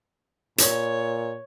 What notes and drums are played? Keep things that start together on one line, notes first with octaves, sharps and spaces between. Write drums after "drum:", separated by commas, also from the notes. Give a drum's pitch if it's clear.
A#2 C#5, drum: hi-hat